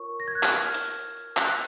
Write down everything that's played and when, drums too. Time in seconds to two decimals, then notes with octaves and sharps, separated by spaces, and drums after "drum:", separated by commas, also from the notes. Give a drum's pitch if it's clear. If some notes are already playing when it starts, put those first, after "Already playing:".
Already playing: F4 A#4 C#5 C#6
0.20 A#6
0.28 G#6
0.35 F#6
0.43 F6, drum: clap
0.74 drum: hi-hat
1.37 F#6, drum: clap